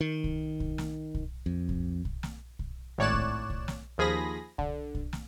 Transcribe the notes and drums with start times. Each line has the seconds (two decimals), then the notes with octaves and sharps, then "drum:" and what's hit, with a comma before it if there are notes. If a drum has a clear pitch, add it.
0.01 D#3
0.24 drum: kick B1
0.60 drum: kick B1
0.78 drum: snare
1.14 drum: kick B1
1.46 F2
1.69 drum: kick B1
2.05 drum: kick B1
2.23 drum: snare
2.59 drum: kick B1
2.98 G#1 A2 C#5 D5 F#6 E7
3.14 drum: kick B1
3.50 drum: kick B1
3.68 drum: snare
3.98 D#2 F3 G#4 B5 A#6
4.58 D3, drum: kick B1
4.95 drum: kick B1
5.13 drum: snare